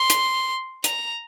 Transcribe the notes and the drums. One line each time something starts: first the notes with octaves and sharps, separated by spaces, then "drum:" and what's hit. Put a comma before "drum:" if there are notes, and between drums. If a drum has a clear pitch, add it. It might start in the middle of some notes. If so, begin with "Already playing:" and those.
Already playing: C6
drum: hi-hat
A#5, drum: hi-hat